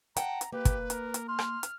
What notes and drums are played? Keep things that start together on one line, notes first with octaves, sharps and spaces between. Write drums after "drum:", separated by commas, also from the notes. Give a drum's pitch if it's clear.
F#5 G5 A5 A#5, drum: hi-hat
drum: hi-hat
A#3 G4 B4
drum: kick, hi-hat
A#4, drum: hi-hat
drum: hi-hat
C6 F6
drum: rim click
drum: hi-hat